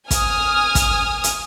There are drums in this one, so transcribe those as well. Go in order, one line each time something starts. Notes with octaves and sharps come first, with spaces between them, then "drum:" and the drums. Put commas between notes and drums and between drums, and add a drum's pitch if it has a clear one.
G#5 D#6 F6, drum: kick, hi-hat
drum: kick, hi-hat
drum: hi-hat